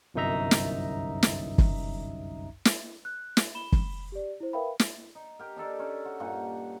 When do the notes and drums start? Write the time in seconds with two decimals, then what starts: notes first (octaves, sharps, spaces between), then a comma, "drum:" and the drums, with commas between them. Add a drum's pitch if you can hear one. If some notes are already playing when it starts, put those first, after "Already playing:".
0.14 G1 C2 F#2 D#4 E5 A#5
0.51 drum: snare
1.23 drum: snare
1.58 drum: kick F#1
2.65 drum: snare
3.05 F#6
3.37 drum: snare
3.55 B5 E7 G7
3.72 drum: kick F#1
4.12 G4 D5
4.40 E4 C5
4.53 A#4 B4 E5 F5 G5 B5
4.80 drum: snare
5.15 D#4
5.39 G4 A#4
5.56 D4 D#4 A4 D5
5.79 C#4
6.05 F#4
6.20 G2 A#2 D#4 F#5